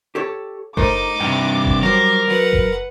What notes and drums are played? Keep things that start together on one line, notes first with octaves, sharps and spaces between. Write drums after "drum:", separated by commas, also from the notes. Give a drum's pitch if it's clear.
G4 A4 C#5
A3 D#4 A#4 C5 D6, drum: kick F#1
G2 C3 G5
drum: kick F#1
F#3 G3 A#4 C5
F#3 B4 F#5
drum: kick F#1